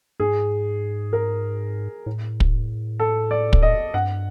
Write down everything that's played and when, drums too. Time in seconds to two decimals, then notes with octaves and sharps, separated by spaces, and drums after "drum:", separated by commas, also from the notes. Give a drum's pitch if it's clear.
0.20 G#2 G#4
1.13 A#4
2.06 A2
2.40 drum: kick
3.00 A4
3.31 D5
3.53 drum: kick
3.62 D#5
3.94 G2 F#5